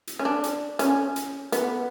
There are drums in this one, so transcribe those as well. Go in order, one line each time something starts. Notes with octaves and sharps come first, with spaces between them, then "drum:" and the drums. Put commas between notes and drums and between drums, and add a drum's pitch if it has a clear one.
drum: hi-hat
C#4
D4
drum: hi-hat
C#4, drum: hi-hat
drum: hi-hat
B3, drum: hi-hat